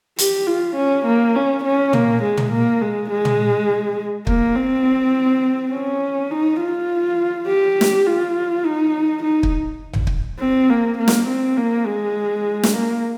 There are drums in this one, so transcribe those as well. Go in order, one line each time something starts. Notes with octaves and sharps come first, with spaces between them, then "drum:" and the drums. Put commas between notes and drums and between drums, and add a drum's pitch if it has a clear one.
G4, drum: hi-hat
F4
C#4
A#3
C#4
C#4
A#3, drum: tom
G#3
drum: tom
A#3
G#3
G#3
drum: tom
A#3, drum: kick
C4
C#4
D#4
F4
G4
drum: snare
F4
D#4
D#4
drum: kick
drum: tom A1
drum: kick
C4
A#3
A#3
drum: snare
C4
A#3
G#3
drum: snare
A#3